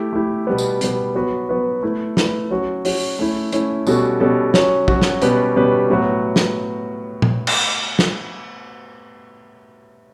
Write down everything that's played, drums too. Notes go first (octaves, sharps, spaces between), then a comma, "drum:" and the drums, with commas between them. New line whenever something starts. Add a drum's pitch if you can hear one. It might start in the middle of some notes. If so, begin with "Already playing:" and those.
Already playing: A3 E4 G4
A3 E4 G4
B2 G3 B3
drum: tambourine
B2 G3 B3, drum: hi-hat
F#3 B3 F#4 B4
F#3 B3 F#4 B4
A3 E4 B4
A3 E4 B4, drum: snare
F#3 C#4 F#4
F#3 C#4 F#4, drum: open hi-hat
A3 C#4 E4
A3 C#4 E4, drum: hi-hat
B2 G3 C#4 F#4 A4, drum: tambourine
B2 G3 C#4 F#4 A4
F#3 C#4 F#4, drum: snare
F#3 C#4 F#4, drum: kick
drum: snare
B2 G3 C#4 G4 B4, drum: hi-hat
B2 G3 C#4 G4 B4
A2 F#3 B3 F#4
drum: snare
drum: tom
drum: cymbal
drum: snare